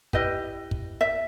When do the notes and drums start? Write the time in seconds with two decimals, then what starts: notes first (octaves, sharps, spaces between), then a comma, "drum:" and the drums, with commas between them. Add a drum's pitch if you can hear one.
0.13 E4 G4 B4 D#5, drum: kick
0.71 drum: kick
1.01 E5